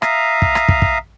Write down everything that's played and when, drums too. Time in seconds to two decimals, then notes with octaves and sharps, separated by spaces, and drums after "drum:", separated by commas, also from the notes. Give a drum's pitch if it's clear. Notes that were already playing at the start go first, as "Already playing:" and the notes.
0.02 E5 F5 A#5 D#6, drum: rim click
0.42 drum: kick
0.55 drum: rim click
0.69 drum: kick
0.82 drum: kick